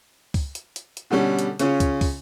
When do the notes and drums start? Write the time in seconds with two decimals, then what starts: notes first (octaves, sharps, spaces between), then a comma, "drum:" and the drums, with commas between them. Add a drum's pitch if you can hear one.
0.34 drum: kick, open hi-hat
0.55 drum: hi-hat
0.76 drum: hi-hat
0.97 drum: hi-hat
1.10 B2 D3 G3 C#4
1.39 drum: hi-hat
1.59 C#3 C#4 F4, drum: hi-hat
1.80 drum: kick, hi-hat
2.01 drum: kick, open hi-hat